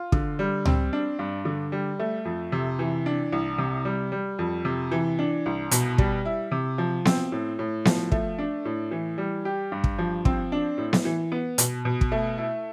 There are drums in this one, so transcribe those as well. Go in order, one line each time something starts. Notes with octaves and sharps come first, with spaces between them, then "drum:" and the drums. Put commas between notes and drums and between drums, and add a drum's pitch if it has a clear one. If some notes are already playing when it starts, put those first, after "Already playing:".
Already playing: F4
D3, drum: kick
G3
C4, drum: tom C#2
D4
G2
D3
G3
A3
F2
C3
E3
D4
C2
C3
G3
G3
F2
C3
E3
D4
C2
B2, drum: hi-hat
G3, drum: kick
E4
C3
F3
C4, drum: snare B3
A2
A2
F3, drum: snare B3
A3, drum: kick
D4
A2
E3
G3
G4
G2
drum: kick
F3
C4, drum: kick
D4
A2
drum: snare B3
E3
B3
B2, drum: hi-hat
B2
drum: kick
A3
E4